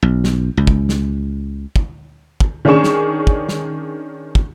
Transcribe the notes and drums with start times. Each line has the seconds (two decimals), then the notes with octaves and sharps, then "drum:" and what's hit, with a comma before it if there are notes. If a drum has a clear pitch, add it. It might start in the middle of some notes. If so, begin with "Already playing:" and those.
0.03 B1
0.24 drum: snare
0.57 C#2
0.67 drum: kick
0.89 drum: snare
1.76 drum: kick
2.40 drum: kick
2.65 D#3 C#4 D4 G#4 C#6 E7
2.84 drum: snare
3.27 drum: kick
3.49 drum: snare
4.35 drum: kick